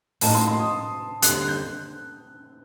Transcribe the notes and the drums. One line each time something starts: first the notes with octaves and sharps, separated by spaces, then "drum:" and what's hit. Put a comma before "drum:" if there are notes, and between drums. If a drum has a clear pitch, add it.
A2 F#3 A#3 D#4 A5, drum: open hi-hat
C6
C6
D#6
D#2 D3 G3 C4 F#6, drum: hi-hat
G6